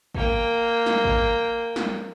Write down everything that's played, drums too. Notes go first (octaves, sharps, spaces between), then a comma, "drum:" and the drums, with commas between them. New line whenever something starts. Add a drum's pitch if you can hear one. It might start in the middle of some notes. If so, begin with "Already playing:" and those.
A#3 G5, drum: kick G#1
drum: snare
drum: kick G#1
drum: snare